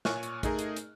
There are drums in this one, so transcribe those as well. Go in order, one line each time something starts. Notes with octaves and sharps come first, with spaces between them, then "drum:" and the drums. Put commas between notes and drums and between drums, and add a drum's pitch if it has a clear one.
A#2 C#5 G#5 C#6 F6 F#6, drum: snare
drum: hi-hat
A3 D#4 G#4 A#4 D#5, drum: kick A#1, hi-hat
drum: hi-hat
drum: hi-hat